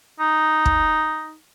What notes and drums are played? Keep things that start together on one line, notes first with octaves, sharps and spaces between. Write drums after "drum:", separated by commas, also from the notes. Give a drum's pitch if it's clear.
D#4
drum: kick